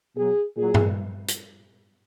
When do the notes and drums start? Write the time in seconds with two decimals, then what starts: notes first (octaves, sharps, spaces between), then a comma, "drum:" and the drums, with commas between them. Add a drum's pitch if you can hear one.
0.16 B2 F#3 G#4
0.57 A#2 F#3 G#4
0.74 drum: tom G2
1.28 drum: hi-hat